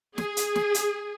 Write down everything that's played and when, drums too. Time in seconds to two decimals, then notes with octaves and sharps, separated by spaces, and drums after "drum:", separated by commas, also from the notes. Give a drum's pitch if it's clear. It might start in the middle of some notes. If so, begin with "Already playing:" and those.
0.18 G#4, drum: snare
0.37 drum: hi-hat
0.56 drum: snare
0.74 drum: hi-hat